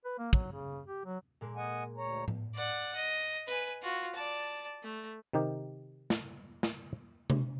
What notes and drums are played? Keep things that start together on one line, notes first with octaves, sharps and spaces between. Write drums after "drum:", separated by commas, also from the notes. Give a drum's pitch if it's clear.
B4
A#3
F#3, drum: kick
C#3
G4
F#3
A#2 G#3 A#3
D#5 F#5 G#5
D2 C#5 A#5
drum: tom A2
D5 F#5
D#5
B4 G#5, drum: hi-hat
F4 F#4
D5 A5
A3
C3 D#3 D#4 G4 A#4
drum: snare
drum: snare
drum: tom C3